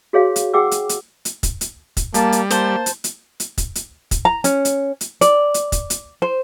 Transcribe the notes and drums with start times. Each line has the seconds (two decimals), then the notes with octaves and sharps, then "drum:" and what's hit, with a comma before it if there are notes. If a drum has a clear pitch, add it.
0.13 F#4 G#4 C#5 F5
0.36 drum: hi-hat
0.54 G#4 F#5 G5 D6 E6
0.71 drum: hi-hat
0.89 drum: hi-hat
1.25 drum: hi-hat
1.43 drum: kick, hi-hat
1.61 drum: hi-hat
1.97 drum: kick, hi-hat
2.14 G3 A#3 A5, drum: hi-hat
2.32 drum: hi-hat
2.51 A#3 C5 A5, drum: hi-hat
2.86 drum: hi-hat
3.04 drum: hi-hat
3.40 drum: hi-hat
3.58 drum: kick, hi-hat
3.75 drum: hi-hat
4.11 drum: kick, hi-hat
4.25 A#5
4.44 C#4, drum: hi-hat
4.65 drum: hi-hat
5.01 drum: hi-hat
5.21 D5, drum: hi-hat
5.54 drum: hi-hat
5.72 drum: kick, hi-hat
5.90 drum: hi-hat
6.22 C5